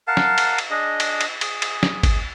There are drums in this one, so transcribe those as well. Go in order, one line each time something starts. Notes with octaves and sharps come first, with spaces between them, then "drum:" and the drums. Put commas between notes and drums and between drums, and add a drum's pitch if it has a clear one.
A#4 F5 F#5 A5
drum: snare
drum: cymbal
drum: cymbal
D4 G#4 D#5
drum: cymbal
drum: cymbal
G#4, drum: cymbal
drum: cymbal
drum: snare
drum: kick G#1, cymbal